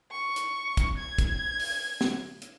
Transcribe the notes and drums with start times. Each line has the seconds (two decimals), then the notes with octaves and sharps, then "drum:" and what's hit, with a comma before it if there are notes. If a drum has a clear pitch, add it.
0.11 C#6
0.36 drum: hi-hat
0.77 drum: kick, hi-hat
0.98 G#6
1.18 drum: kick, hi-hat
1.60 drum: open hi-hat
2.01 drum: snare
2.42 drum: hi-hat